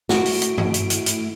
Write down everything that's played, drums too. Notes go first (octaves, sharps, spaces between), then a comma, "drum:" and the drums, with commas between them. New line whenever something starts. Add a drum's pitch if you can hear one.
A3 E4 F#4 D7, drum: snare
drum: open hi-hat
drum: hi-hat
drum: tom G2
drum: hi-hat
drum: hi-hat
drum: hi-hat